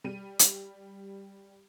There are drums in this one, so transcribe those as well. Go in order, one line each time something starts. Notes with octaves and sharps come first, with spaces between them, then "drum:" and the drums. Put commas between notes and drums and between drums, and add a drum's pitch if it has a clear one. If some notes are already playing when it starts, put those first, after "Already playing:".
G3 D#7
drum: hi-hat